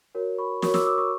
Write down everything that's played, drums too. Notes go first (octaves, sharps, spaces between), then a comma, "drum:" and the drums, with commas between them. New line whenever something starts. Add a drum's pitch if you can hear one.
F#4 A#4 C#5
B5 C#6
F#4 A#4 C#5 C#6 D#6, drum: snare
D6 E6, drum: snare
D6 E6
C#6 D#6